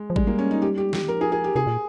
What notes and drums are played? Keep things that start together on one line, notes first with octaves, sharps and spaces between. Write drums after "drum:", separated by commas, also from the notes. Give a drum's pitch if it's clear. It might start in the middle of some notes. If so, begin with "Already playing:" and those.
Already playing: G#3
F3
G3 G#3, drum: kick G#1
A#3
C#4
D#4
G4
G4
G4, drum: snare
D#3
F3 A#4
G#4
G#4
G4
C3 G#4
A#2